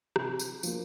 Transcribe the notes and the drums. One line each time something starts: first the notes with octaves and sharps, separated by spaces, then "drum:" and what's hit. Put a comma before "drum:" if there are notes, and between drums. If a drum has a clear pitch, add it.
C3, drum: rim click
drum: tambourine
F3 A#3, drum: tambourine